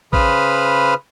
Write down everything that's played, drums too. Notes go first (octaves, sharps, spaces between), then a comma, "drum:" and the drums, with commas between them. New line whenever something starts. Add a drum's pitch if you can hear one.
C#3 B4 C5 B5 D#6 F6, drum: kick